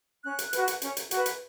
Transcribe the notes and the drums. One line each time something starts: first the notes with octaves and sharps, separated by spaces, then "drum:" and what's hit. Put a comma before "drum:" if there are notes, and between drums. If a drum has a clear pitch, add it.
C#4 F#6
drum: hi-hat
F#4 B4, drum: hi-hat
drum: hi-hat
C#4, drum: hi-hat
drum: hi-hat
F#4 B4, drum: hi-hat
drum: hi-hat